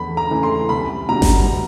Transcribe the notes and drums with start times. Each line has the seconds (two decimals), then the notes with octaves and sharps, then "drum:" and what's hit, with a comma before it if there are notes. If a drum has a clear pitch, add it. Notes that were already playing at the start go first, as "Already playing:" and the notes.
Already playing: E2 E3 A3 B5
0.17 A#5
0.30 C#3 E3 A3
0.43 C6
0.69 C2 B5
1.09 B2 G3 B3 A#5
1.22 drum: snare G1